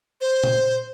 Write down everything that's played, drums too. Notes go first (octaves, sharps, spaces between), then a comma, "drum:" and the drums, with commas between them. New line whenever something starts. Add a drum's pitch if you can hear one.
C5
drum: tom A#2